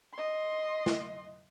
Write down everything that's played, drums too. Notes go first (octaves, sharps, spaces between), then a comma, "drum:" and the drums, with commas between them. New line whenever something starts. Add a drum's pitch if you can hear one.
D#5 C6
drum: snare